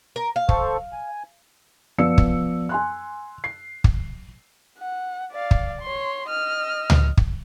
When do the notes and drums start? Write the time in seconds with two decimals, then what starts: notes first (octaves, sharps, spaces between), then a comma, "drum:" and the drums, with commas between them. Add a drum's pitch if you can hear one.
0.16 A#4
0.36 F5
0.49 A4 C5 C#6, drum: kick
0.93 G#5
1.98 F3 B3 D5 E6 C#7
2.18 drum: kick
2.69 G#5 C6 F#6
3.44 C7
3.84 drum: kick
4.78 F#5
5.32 D5 F5
5.51 drum: kick
5.82 C#5 C6
6.29 D#5 F6
6.90 drum: tom C#2
7.17 drum: kick